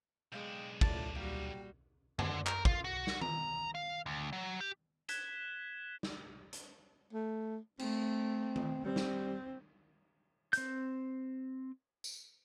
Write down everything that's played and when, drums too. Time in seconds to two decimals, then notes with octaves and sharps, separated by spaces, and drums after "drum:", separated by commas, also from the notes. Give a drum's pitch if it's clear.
0.32 B1 G#3 D4 D#5 F5 G5
0.81 D2 A2 F4 D5 A5, drum: kick
1.15 A#2 G3 F#4 G4 A#4 F5
2.19 D3, drum: tom F#2
2.46 A#4, drum: clap
2.65 F4, drum: kick
2.84 F#4
3.07 drum: snare
3.21 A#5, drum: tom D#3
3.75 F5
4.06 D2
4.33 F#3
4.60 G4
5.08 F#6 G#6 B6 E7 G7, drum: hi-hat
6.03 drum: snare
6.53 drum: hi-hat
7.13 A3
7.79 A3 C4, drum: cymbal
8.56 drum: tom D#3
8.85 G3 C4
8.96 drum: snare
10.53 C4 G6, drum: hi-hat
12.04 drum: tambourine